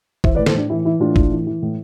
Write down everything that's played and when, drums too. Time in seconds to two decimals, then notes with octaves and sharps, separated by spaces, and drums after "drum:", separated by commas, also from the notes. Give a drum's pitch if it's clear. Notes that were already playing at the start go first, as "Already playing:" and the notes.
0.24 E3 C5 E5, drum: kick G1
0.35 B4 D5
0.39 A2
0.46 A4 C5, drum: snare
0.54 A2 D4
0.70 E3 E4
0.85 E3 E4
1.00 A2 D4 F4
1.16 A2, drum: kick G1
1.31 E3
1.47 E3
1.62 A2